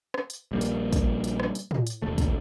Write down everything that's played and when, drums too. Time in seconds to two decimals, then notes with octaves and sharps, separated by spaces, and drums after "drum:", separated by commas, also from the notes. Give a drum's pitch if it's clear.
0.14 drum: rim click
0.30 drum: hi-hat
0.52 A#1 G3 A#3
0.61 drum: hi-hat
0.93 drum: kick, hi-hat
1.24 drum: hi-hat
1.40 drum: rim click
1.55 drum: hi-hat
1.71 drum: tom A2
1.87 drum: hi-hat
2.02 E1 D#2 A3
2.18 drum: kick, hi-hat